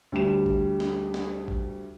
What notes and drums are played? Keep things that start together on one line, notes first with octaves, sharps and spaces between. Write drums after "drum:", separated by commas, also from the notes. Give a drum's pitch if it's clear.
D2 G3 G4 E7
drum: kick A1
drum: snare
drum: snare
drum: kick A1